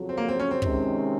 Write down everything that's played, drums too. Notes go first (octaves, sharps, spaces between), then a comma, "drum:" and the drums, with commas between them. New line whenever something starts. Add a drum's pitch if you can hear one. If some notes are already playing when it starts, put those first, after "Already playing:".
Already playing: F2 C#3 F#3
C4
A#3
C4
C#4
C4
C3 D#3 G#3 C#4, drum: kick